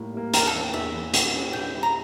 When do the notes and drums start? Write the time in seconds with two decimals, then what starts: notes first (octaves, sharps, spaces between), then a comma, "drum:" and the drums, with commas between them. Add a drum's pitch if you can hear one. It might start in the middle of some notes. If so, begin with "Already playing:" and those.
Already playing: A2 G3 A#3
0.14 G3 A#3
0.34 E2 A#4, drum: hi-hat
0.47 A4
0.54 E3 A#3
0.74 E2 E5
0.94 E3 A#3
1.14 A#2, drum: hi-hat
1.34 G3 C#4 E4
1.53 A#2 G5
1.74 G3 C#4 E4
1.83 A#5